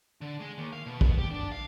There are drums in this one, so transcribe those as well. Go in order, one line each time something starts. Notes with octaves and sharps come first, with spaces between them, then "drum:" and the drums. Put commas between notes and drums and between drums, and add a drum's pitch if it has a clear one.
D3
G#3
D#2
F5
B2
B2, drum: kick
G4
D4
F5